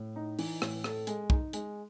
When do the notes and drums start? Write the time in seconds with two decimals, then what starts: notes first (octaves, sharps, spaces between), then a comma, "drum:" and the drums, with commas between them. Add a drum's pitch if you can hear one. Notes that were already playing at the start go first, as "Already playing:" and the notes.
Already playing: A2
0.16 D#4
0.39 E3, drum: open hi-hat
0.62 A2, drum: rim click
0.84 A4, drum: rim click
1.07 G#3, drum: hi-hat
1.30 D#4, drum: kick
1.53 G#3, drum: hi-hat